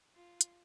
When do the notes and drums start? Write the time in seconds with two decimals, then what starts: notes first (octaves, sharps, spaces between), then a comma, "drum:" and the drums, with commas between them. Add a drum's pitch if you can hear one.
0.16 F4
0.41 drum: hi-hat